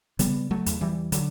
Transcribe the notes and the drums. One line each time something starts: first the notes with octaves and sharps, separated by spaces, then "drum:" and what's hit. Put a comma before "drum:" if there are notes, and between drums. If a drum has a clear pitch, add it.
C#3 G3 B3, drum: hi-hat
F#3 A3
E2, drum: hi-hat
E3 G3
D3 F#3, drum: hi-hat